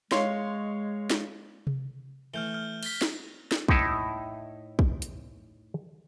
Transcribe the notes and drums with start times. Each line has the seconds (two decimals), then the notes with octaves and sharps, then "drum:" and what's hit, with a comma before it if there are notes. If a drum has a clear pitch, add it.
0.12 G#3 C#5 F5 C6, drum: snare
1.10 drum: snare
1.67 drum: tom C3
2.34 E3 A3 F6 G6 G7
2.54 F6
2.83 B6 G7, drum: cymbal
3.02 drum: snare
3.52 drum: snare
3.68 A2 D#4 E4, drum: kick
4.79 drum: kick
5.02 drum: hi-hat